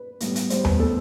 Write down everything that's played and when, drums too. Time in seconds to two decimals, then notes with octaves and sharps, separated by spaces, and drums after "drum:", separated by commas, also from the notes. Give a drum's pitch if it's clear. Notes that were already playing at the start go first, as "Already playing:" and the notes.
Already playing: B4
0.20 A2 G3 B3, drum: hi-hat
0.36 drum: hi-hat
0.50 A2 G3 B3 C5, drum: hi-hat
0.65 B4, drum: tom D#2
0.80 A2 G3 B3 A4